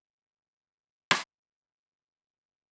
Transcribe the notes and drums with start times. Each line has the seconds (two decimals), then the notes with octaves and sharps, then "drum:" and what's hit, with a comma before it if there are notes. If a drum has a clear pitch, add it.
0.10 C#5
0.53 C5
1.11 drum: rim click
1.45 D#5